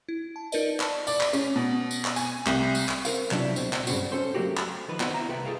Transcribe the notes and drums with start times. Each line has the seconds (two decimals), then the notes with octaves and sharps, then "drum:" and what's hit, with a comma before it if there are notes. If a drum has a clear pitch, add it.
0.09 E4
0.36 A5
0.52 D#4 F4 A#4 B4 D5 D#5, drum: tambourine
0.80 D5 A5 B5, drum: clap
1.07 D5, drum: tambourine
1.21 drum: clap
1.33 C#4, drum: tambourine
1.56 B2
1.91 drum: tambourine
2.05 drum: clap
2.16 G#5, drum: tambourine
2.46 C2, drum: clap
2.75 drum: tambourine
2.89 drum: clap
3.05 C4 A#4 F5, drum: tambourine
3.31 C3 F#3 B3 D4 E4 F4, drum: clap
3.56 C#2 B2 C4, drum: tambourine
3.73 drum: clap
3.87 G2 C#3 C4 F#4, drum: tambourine
4.12 C#4 A4 C5
4.34 F#3 G3 A3 A#3 F#4 G4
4.57 drum: clap
4.88 D#3 F3 B4
5.00 B3 C4 D#4 F4 F#4 B4, drum: clap
5.14 E4 E5 A#5
5.28 C2 F4 A4 B4 G5
5.45 F4 G#4 A4 F5